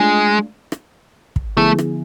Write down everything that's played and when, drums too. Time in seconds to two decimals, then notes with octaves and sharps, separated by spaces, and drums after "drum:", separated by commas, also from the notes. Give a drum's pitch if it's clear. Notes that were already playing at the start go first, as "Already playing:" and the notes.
Already playing: G#3 A3 D4 F4
0.72 drum: rim click
1.36 drum: kick
1.57 D3 F3 A3 B3 E4 G#4
1.79 drum: rim click